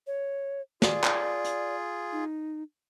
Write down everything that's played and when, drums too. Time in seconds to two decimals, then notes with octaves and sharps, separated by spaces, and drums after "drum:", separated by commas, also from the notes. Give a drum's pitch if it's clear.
0.07 C#5
0.82 F4 G#4 D5, drum: snare
1.04 drum: clap
1.44 drum: hi-hat
2.12 D#4